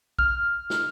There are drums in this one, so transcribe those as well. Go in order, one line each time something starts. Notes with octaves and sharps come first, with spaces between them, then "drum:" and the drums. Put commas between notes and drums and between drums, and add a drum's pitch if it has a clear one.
F6, drum: kick
drum: snare